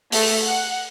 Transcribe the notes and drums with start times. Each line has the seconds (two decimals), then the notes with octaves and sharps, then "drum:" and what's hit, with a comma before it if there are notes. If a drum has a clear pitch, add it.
0.12 A3, drum: open hi-hat
0.46 F#5